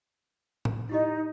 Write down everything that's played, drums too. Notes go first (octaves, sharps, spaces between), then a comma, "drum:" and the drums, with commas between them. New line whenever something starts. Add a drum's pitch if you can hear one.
drum: tom A2
D#4 E4 G4 D#5